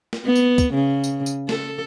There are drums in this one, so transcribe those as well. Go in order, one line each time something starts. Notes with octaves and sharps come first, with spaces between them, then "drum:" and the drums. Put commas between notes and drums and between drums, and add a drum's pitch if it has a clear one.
drum: snare
B3
drum: tambourine
drum: kick, tambourine
C#3
drum: tambourine
drum: tambourine
A4, drum: snare